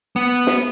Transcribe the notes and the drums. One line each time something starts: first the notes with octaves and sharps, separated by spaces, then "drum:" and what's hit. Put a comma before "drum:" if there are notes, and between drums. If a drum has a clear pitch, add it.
B3
drum: snare